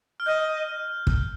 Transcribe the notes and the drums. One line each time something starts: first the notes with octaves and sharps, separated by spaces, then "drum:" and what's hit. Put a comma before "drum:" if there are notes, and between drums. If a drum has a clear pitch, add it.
F6
D#5 G6
drum: kick